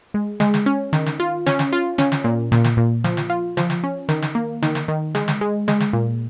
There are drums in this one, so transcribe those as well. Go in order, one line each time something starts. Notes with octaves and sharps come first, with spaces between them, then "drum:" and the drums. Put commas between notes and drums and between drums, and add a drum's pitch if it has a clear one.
G#3
G#3, drum: snare
drum: snare
C#4
D#3, drum: snare
drum: snare
F4
C#4, drum: snare
drum: snare
F4
C#4, drum: snare
drum: snare
A#2
A#2, drum: snare
drum: snare
A#2
F3, drum: snare
drum: snare
F4
F3, drum: snare
drum: snare
C#4
D#3, drum: snare
drum: snare
A#3
D#3, drum: snare
drum: snare
D#3
G#3, drum: snare
drum: snare
G#3
G#3, drum: snare
drum: snare
A#2